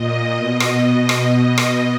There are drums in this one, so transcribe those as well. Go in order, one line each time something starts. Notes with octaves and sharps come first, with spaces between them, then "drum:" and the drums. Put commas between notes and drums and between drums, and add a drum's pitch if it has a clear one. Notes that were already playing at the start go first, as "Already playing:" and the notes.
Already playing: A#2 D#5
B2
drum: rim click
drum: rim click
drum: rim click